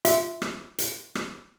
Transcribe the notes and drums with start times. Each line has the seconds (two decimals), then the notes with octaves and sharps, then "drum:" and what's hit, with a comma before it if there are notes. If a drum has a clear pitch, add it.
0.05 F4 E5, drum: hi-hat
0.42 drum: rim click
0.78 drum: hi-hat
1.15 drum: rim click